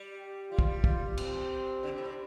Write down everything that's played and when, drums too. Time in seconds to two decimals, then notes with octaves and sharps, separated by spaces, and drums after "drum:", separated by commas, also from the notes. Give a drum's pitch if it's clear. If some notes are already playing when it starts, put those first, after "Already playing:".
Already playing: G3
0.18 G4
0.51 G3 F4
0.59 F3, drum: kick
0.66 G3
0.84 F4, drum: kick
1.17 C4, drum: cymbal
1.83 D3
1.91 C3
1.98 A2
2.05 C3